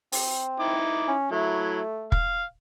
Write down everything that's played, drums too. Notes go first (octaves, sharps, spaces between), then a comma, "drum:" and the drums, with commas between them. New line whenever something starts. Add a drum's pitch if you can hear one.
C4, drum: open hi-hat
D#4 E4 D6
C#4
F#3 A3 E4
F5, drum: kick